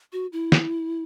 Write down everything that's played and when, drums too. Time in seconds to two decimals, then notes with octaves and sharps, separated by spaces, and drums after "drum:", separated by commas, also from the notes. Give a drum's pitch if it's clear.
0.13 F#4
0.32 E4
0.52 drum: snare